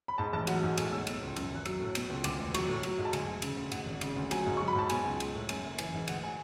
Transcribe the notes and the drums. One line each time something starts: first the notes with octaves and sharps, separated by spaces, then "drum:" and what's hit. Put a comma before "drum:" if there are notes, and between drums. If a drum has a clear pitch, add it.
B5
G#2 A5
A1 A5
F#3 F#5, drum: cymbal
G#2
A2 G#5, drum: cymbal
B1 E6
B2, drum: cymbal
C#2
F#2, drum: cymbal
G#1 F#6
F#3 E6, drum: cymbal
A2
B2, drum: cymbal
C#2
D2 D6, drum: cymbal
E1
F#3 C#6, drum: cymbal
A2
F#3, drum: cymbal
G#2
A5
D2 G#5, drum: cymbal
E1
C#3, drum: cymbal
D2
G#2 F#5, drum: cymbal
G#1
C#3, drum: cymbal
D2
F#3 G#5, drum: cymbal
G#2
F#3 C#6
B5
G#2 A5
B2 G#5, drum: cymbal
C#2
G#3, drum: cymbal
A2
F#2 G#5, drum: cymbal
F#1
E3 G#5, drum: cymbal
G#2
D2 F#5, drum: cymbal
G#5